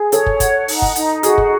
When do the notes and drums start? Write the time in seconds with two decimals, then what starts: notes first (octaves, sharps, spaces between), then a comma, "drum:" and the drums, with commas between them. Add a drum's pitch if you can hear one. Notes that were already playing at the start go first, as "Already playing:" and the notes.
Already playing: G#4
0.12 A4 C#5, drum: hi-hat
0.26 drum: kick
0.40 F#5, drum: kick, hi-hat
0.68 D#4, drum: open hi-hat
0.82 drum: kick
0.96 D#4, drum: hi-hat
1.23 F#4 G#4, drum: hi-hat
1.38 drum: kick